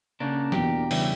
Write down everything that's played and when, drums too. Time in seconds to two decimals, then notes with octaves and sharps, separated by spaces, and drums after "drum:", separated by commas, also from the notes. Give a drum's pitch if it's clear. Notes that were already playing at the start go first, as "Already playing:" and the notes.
0.20 C#3 A#3 D4
0.52 E2 B2 D4 G4, drum: snare
0.91 C#3 E3 G3, drum: open hi-hat